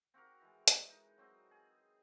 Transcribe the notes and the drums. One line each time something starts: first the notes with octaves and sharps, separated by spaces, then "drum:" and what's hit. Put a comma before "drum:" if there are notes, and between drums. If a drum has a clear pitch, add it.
C4 F#4 G4 A#4
E3 G#3
G#4, drum: hi-hat
D#4
F#3 C4 D#5
G#4